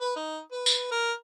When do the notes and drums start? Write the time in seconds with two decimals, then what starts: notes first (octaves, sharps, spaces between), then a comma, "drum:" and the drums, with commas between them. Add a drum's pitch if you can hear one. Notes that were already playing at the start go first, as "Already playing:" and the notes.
0.01 B4
0.16 D#4
0.52 B4
0.66 drum: tambourine
0.91 A#4